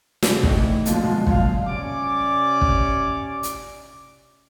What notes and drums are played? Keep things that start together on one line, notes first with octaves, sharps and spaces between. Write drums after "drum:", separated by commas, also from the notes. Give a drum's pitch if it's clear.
C3, drum: snare
A2 E3 D#4 C#6, drum: kick
B2 D3 F3 A#3 F4, drum: hi-hat
B2 D3 F3 F#3 G#3 F4
D3 F#3 F5, drum: kick
C3 C#4 D5 D6
drum: kick
drum: hi-hat